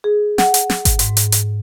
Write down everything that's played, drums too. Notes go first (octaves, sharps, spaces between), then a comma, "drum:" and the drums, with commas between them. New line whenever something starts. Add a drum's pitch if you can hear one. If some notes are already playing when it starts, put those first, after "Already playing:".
G#4
F#5, drum: snare
drum: hi-hat
drum: snare
drum: kick G#1, hi-hat
G#2, drum: hi-hat
drum: hi-hat
drum: hi-hat